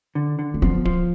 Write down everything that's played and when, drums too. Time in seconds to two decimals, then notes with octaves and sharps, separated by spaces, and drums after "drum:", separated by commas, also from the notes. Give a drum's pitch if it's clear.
0.15 D3
0.39 D3
0.54 A3
0.62 F3 B3
0.85 F3, drum: kick D1